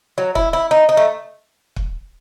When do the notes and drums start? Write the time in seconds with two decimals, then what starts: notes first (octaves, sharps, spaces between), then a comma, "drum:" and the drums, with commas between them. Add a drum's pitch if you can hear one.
0.18 F#3
0.35 E4, drum: kick
0.53 E4
0.71 D#4
0.89 D#4
0.97 A3
1.76 drum: kick